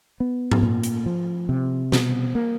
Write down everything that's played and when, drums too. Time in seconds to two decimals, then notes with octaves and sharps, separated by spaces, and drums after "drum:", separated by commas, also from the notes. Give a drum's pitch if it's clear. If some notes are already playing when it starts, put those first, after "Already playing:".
0.20 B3
0.52 drum: tom G#2
0.63 A#2
0.83 drum: hi-hat
1.06 F3
1.49 C3
1.92 B2, drum: snare
2.35 A#3